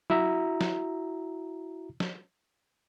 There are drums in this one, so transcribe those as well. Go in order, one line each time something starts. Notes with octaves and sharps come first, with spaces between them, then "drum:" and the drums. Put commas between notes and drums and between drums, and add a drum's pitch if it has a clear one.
E4 F#4 E5 A#5, drum: tom F#3
drum: snare
drum: snare